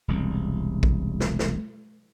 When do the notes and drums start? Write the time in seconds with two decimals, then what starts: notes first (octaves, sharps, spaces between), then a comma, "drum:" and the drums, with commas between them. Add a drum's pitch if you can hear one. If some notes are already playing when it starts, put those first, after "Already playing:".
0.08 E1 C2
0.83 drum: kick A#1
1.20 drum: snare
1.39 drum: snare